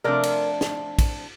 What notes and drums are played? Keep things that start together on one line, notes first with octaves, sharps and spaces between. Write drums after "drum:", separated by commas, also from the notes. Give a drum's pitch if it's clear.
C3 F3 A3 D4 A#4 D5
drum: cymbal
drum: snare
drum: kick, cymbal